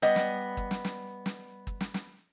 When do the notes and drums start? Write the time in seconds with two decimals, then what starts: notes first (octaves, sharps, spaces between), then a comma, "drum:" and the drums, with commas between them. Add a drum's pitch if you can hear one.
0.02 G3 B3 D#5
0.16 drum: snare
0.57 drum: kick
0.71 drum: snare
0.85 drum: snare
1.26 drum: snare
1.67 drum: kick
1.81 drum: snare
1.94 drum: snare